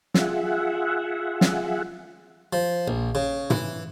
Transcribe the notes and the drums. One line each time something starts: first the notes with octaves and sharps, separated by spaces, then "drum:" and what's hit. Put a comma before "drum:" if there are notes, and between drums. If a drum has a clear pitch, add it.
F4 G#4 E5 F#5, drum: snare
drum: snare
F3
A#1
C#3
E3, drum: tom